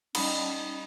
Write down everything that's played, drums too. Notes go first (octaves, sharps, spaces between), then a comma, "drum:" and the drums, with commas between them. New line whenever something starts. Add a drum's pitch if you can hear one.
G3 C#4 D#4 D#5 B5, drum: cymbal